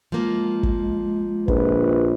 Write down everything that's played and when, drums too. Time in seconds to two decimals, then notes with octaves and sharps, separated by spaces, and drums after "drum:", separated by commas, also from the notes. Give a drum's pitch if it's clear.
0.12 F3 G#3 A#3
0.63 drum: kick
1.48 A#1 B4, drum: kick